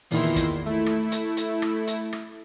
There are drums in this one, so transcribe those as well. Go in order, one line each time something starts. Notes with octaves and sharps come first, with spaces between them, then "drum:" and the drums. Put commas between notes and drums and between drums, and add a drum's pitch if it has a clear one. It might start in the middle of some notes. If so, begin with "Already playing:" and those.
E2 A#2 D#3 E4 C6, drum: open hi-hat
drum: kick, hi-hat
A3 E4
drum: rim click
drum: hi-hat
drum: hi-hat
drum: rim click
drum: hi-hat
drum: rim click